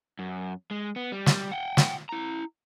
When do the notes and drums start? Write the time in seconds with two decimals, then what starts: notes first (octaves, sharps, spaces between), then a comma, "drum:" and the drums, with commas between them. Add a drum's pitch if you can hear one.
0.19 F#2
0.71 G#3
0.96 B3
1.12 G3
1.26 drum: snare
1.52 F#5 G5
1.77 drum: snare
2.09 E4 A#5